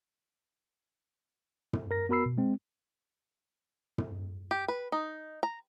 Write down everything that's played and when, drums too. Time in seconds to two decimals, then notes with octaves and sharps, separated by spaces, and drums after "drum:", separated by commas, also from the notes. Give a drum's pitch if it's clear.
1.73 drum: tom
1.91 A#4 A#6
2.09 B3 F#4 A#4 B5 E6 C7
2.26 B2
2.38 G#3 C4
3.98 drum: tom
4.51 G4
4.68 B4
4.92 D#4
5.43 A#5